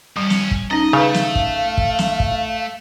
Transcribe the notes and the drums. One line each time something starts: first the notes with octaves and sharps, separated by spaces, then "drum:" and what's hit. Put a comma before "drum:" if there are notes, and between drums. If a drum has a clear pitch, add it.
F2 G3 C#4
drum: snare
drum: kick
C#4 D#4 D#5 A#5
C#3 A3 G#4 B4 F5
drum: snare
drum: kick
drum: kick
drum: snare
drum: kick